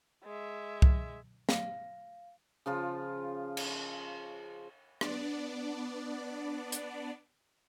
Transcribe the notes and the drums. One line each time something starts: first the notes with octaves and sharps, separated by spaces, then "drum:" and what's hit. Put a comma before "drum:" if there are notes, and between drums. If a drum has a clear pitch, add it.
G#3 E5
drum: kick C2
F5, drum: snare
C#3 F3 F4
drum: cymbal
B3 D4 D5, drum: rim click
drum: hi-hat